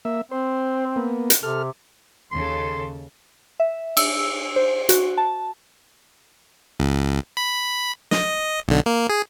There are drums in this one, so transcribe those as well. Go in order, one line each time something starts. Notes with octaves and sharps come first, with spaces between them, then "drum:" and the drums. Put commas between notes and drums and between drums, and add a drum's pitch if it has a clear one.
A#3 E5
C4 C5
A#3 B3
drum: hi-hat
C3 A4 F6
D#2 C#3 A4 C6
E5
E6, drum: cymbal
C5
F#4, drum: hi-hat
A5
C#2
B5
D#5, drum: snare
B1 D3
A#3
G#4